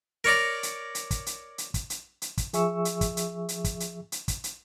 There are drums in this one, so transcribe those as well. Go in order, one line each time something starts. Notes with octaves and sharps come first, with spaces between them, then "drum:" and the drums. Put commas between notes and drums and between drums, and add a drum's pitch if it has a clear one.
A#4 C#5 D5 A#5
drum: hi-hat
drum: hi-hat
drum: kick, hi-hat
drum: hi-hat
drum: hi-hat
drum: kick, hi-hat
drum: hi-hat
drum: hi-hat
drum: kick, hi-hat
F3 G#4 E5 C#6 E6, drum: hi-hat
drum: hi-hat
drum: kick, hi-hat
drum: hi-hat
drum: hi-hat
drum: kick, hi-hat
drum: hi-hat
drum: hi-hat
drum: kick, hi-hat
drum: hi-hat